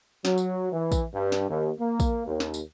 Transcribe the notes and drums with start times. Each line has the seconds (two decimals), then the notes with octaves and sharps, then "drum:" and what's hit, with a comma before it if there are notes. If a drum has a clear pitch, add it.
0.25 F#3, drum: snare
0.38 drum: tambourine
0.72 E3
0.92 drum: kick, tambourine
1.14 G2
1.32 drum: snare
1.49 D#2
1.79 A#3
2.00 drum: kick, tambourine
2.27 D#2
2.40 drum: snare
2.54 drum: tambourine